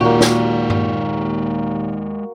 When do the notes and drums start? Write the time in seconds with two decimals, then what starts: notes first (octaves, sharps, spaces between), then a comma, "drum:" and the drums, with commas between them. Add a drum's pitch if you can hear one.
0.01 D#2 A#2 G#3 A#3 F#4 G4
0.21 drum: snare
0.70 drum: tom G2